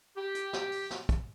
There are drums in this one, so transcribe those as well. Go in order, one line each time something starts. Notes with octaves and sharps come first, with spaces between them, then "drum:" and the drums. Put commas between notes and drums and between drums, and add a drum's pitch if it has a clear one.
G4
drum: hi-hat
drum: snare
drum: open hi-hat
drum: snare
drum: kick, hi-hat